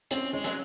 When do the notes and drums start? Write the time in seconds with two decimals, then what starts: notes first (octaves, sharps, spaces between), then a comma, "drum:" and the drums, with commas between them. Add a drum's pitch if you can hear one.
0.11 C4 C#4, drum: hi-hat
0.33 G#3 C#4
0.44 F#3, drum: hi-hat